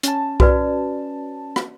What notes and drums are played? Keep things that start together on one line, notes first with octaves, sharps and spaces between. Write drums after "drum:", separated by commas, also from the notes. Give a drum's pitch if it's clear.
C#4 A5, drum: hi-hat
F#4 B4 D5, drum: kick B1
drum: rim click